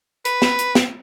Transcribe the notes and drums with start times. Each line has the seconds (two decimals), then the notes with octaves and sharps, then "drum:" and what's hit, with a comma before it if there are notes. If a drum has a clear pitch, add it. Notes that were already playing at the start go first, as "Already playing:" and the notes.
0.25 B4, drum: hi-hat
0.42 drum: snare
0.59 drum: hi-hat
0.75 drum: snare